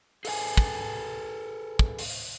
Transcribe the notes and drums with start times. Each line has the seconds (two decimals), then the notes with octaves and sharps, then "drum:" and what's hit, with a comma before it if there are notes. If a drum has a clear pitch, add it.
0.25 G#4 A4 B4 E5 G#5, drum: open hi-hat
0.57 drum: kick
1.79 drum: kick
1.99 drum: open hi-hat